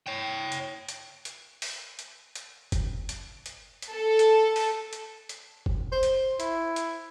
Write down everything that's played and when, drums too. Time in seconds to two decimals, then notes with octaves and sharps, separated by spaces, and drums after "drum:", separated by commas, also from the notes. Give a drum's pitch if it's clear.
0.06 C#5 G5
0.52 drum: hi-hat
0.89 drum: hi-hat
1.25 drum: hi-hat
1.62 drum: open hi-hat
1.99 drum: hi-hat
2.35 drum: hi-hat
2.72 drum: kick F#1, hi-hat
3.09 drum: hi-hat
3.46 drum: hi-hat
3.82 drum: hi-hat
3.93 A4
4.19 drum: hi-hat
4.56 drum: open hi-hat
4.93 drum: hi-hat
5.29 drum: hi-hat
5.66 drum: kick F#1
5.92 C5
6.03 drum: hi-hat
6.40 E4, drum: hi-hat
6.76 drum: hi-hat